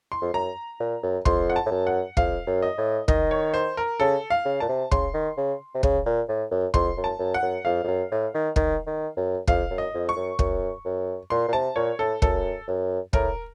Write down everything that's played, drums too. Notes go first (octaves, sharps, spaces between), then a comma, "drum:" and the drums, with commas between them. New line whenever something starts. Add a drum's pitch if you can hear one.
C6
F2
F#2 A#5
A#2
F#2
F2 C6, drum: kick
F#5
A5
A2
F#2
F#5
F2 F5, drum: kick
F#2
D#5
A2
D#3 D#5, drum: kick
C#5
C5
A#4
C#3 A4
F5
C#3
A#2 A5
C3
C#3 C6, drum: kick
D#3
C#3
C3
C#3, drum: kick
A#2
A2
F#2
F2 C6, drum: kick
F#2
A5
F#2
F#5
F#2
F2 F5
F2
F#2
A2
D#3
D#3, drum: kick
D#3
F#2
F2 F5, drum: kick
F#2
D#5
F2
C#6
F#2
F#2, drum: kick
F#2
A#2 C6
A#2
C3 A5
A#2 C#5
A2 A4
F#2 A4, drum: kick
F#2
A2 A#4, drum: kick